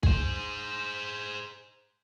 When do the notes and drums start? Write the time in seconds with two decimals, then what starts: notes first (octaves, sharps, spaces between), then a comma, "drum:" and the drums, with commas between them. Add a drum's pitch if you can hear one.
0.03 G#4 C5, drum: kick